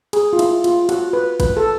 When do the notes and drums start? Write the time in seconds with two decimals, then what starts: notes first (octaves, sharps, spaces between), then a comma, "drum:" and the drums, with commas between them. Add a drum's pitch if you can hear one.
0.13 G#4, drum: cymbal
0.33 F4
0.39 E4, drum: cymbal
0.64 F4, drum: cymbal
0.89 F#4, drum: cymbal
1.13 B4
1.40 B4, drum: kick, cymbal
1.57 A4